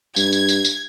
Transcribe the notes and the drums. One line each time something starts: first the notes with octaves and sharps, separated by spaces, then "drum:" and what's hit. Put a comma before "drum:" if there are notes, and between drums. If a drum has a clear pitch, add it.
G2 G#6, drum: tambourine
drum: tambourine
drum: tambourine
drum: tambourine